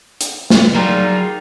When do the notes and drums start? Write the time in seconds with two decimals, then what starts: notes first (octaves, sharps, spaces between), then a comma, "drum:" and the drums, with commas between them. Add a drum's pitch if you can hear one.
0.21 drum: hi-hat
0.50 drum: snare
0.75 F#3 G3 D#4 F4 G#4 A#4